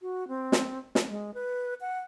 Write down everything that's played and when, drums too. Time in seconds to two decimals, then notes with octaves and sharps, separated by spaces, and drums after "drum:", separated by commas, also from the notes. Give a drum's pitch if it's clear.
0.01 F#4
0.28 C4
0.52 drum: snare
0.95 drum: snare
1.09 G#3
1.34 B4
1.81 F#5